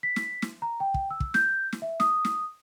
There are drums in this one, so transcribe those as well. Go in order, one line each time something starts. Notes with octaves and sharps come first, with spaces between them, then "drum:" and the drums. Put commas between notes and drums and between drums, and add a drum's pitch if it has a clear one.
B6
drum: snare
drum: snare
A#5
G5
drum: kick
E6
drum: kick
G6, drum: snare
drum: snare
E5
D#6, drum: snare
drum: snare